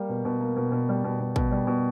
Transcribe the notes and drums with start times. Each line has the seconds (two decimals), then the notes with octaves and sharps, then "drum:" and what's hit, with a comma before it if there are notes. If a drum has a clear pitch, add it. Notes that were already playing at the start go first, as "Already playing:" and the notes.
Already playing: G3 A#3
0.09 B2
0.25 B2
0.41 A#3
0.56 B2
0.72 B2
0.89 G3
1.04 B2
1.20 B2
1.36 B2, drum: kick
1.52 G3
1.67 B2